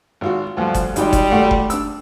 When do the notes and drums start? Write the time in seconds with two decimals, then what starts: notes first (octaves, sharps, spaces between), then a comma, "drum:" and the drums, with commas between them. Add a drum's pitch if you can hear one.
0.21 G#1 F4 F#4
0.57 D2 G2 F3
0.74 drum: kick F#1, hi-hat
0.96 G#1 G3 D#4 G5, drum: hi-hat
1.13 drum: kick F#1, hi-hat
1.31 G#1 A3 F#5
1.51 drum: kick F#1
1.70 D4 E6, drum: hi-hat